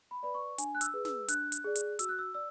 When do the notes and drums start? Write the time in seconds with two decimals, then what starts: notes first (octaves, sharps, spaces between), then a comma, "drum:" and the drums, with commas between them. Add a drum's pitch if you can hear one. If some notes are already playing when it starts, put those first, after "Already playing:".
0.11 B5
0.23 B4 D5 B5
0.34 C#6
0.58 D4 G#5, drum: hi-hat
0.75 F#6
0.81 E6, drum: hi-hat
0.94 G#4 B4
1.05 E6, drum: snare
1.28 D4 F#6, drum: hi-hat
1.52 drum: hi-hat
1.64 G#4 D5
1.75 drum: hi-hat
1.99 F#4 E6, drum: hi-hat
2.09 F#6
2.19 E6
2.34 D5 E6